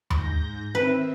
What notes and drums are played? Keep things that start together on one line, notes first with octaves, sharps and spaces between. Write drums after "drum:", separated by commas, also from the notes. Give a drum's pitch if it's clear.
G#2 G6 A#6, drum: tom D#2
D#3 C4 B4 E5